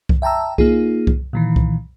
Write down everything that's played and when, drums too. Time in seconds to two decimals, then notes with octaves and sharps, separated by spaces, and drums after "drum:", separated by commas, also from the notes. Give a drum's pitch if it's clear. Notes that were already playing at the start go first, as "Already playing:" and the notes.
0.09 drum: kick C2
0.22 E5 G5 A5 A#5 E6
0.58 A#3 D#4 F4 G#4, drum: kick C2
1.07 drum: kick C2
1.33 A#2 D#3 E3
1.56 drum: kick C2